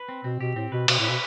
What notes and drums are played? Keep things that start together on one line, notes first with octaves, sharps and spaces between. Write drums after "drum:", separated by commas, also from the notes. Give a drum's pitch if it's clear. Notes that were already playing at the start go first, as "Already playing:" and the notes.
Already playing: B4
C4
B2 C4
B2 G4
A2 C4
B2 B4
B2 C4, drum: cymbal
A2
B2 B4